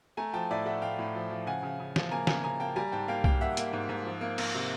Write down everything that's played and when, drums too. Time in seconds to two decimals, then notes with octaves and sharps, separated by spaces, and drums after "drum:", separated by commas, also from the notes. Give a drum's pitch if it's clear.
0.17 A3 G#5 A#5
0.33 F3 G5 A5
0.50 A2 D5 E5
0.66 A3 E5 F#5
0.82 A2 F5 G5
0.99 A2
1.15 F3
1.30 F3
1.47 C#3 F#5 G#5
1.63 C#3
1.80 C#3
1.96 F3, drum: snare
2.11 A#3 G#5 A#5
2.27 C#3 G#5 A#5, drum: snare
2.44 C#3 G#5 A#5
2.60 A#3 G5 A5
2.76 G3 G#5 A#5
2.92 G#2 G5 A5
3.08 A#3 F5 G5
3.24 A#3 F5 G5, drum: kick C2
3.41 A#3 E5 F#5
3.57 A#3, drum: hi-hat
3.73 G#2
3.89 G#2
4.05 F3
4.21 A#3
4.38 A#3, drum: cymbal
4.54 C3